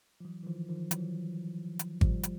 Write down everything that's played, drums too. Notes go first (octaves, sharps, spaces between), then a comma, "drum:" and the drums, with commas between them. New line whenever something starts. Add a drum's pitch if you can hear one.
F3
E3 F#3
E3
D#3 F3
D#3 F3
E3 F#3, drum: hi-hat
drum: hi-hat
F3 G3, drum: kick G#1
drum: hi-hat